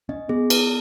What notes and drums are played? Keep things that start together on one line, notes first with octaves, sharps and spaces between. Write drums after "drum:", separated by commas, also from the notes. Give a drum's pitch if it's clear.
C#4 D#5
B3 G#4
B4, drum: cymbal